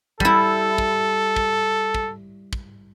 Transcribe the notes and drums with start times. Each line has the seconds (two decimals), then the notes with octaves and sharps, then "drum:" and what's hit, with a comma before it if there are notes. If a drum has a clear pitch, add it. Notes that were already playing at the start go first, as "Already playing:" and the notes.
0.20 G3 E4 A4, drum: kick
0.78 drum: kick
1.36 drum: kick
1.95 drum: kick
2.53 drum: kick